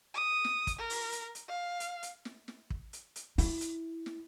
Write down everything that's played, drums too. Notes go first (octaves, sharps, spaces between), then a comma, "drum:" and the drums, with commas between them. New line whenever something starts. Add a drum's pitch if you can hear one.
D#6
drum: snare
drum: kick, hi-hat
A#4
drum: open hi-hat
drum: hi-hat
drum: hi-hat
F5
drum: hi-hat
drum: hi-hat
drum: snare
drum: snare
drum: kick
drum: hi-hat
drum: hi-hat
E4, drum: open hi-hat
drum: hi-hat
drum: snare